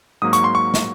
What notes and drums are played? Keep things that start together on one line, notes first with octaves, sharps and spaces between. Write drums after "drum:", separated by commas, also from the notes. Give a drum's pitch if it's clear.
G#2 F#3 A#3 D#6
C#6, drum: hi-hat
C6
C#6
drum: snare